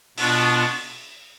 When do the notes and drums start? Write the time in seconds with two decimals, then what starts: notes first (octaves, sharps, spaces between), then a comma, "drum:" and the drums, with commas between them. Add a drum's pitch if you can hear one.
0.18 B2 B3 D4 F4, drum: open hi-hat